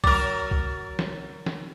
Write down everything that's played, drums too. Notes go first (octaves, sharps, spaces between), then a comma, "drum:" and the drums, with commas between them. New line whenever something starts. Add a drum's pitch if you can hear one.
F#3 A#4 D6 A6, drum: kick B1
drum: kick B1
drum: snare
drum: snare